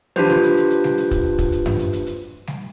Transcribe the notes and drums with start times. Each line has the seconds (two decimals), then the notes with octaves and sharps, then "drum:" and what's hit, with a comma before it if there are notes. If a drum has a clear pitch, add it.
0.16 D4 F4 G4 B4 C5, drum: tom
0.30 drum: snare G3
0.43 drum: hi-hat
0.57 drum: hi-hat
0.70 drum: hi-hat
0.84 drum: snare G3
0.98 drum: hi-hat
1.11 drum: kick, hi-hat
1.38 drum: kick, hi-hat
1.52 drum: hi-hat
1.66 drum: tom F#2
1.79 drum: hi-hat
1.93 drum: hi-hat
2.07 drum: hi-hat
2.47 drum: snare G3